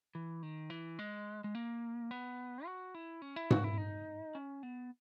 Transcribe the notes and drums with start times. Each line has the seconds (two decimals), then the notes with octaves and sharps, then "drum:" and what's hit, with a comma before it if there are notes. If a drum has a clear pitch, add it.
0.15 E3
0.43 D#3
0.70 E3
0.99 G#3
1.44 G#3
1.55 A#3
2.11 B3
2.66 F#4
2.95 E4
3.22 C#4
3.36 E4
3.50 F#4, drum: tom G#2
3.64 E4
3.78 D#4
4.35 C#4
4.63 B3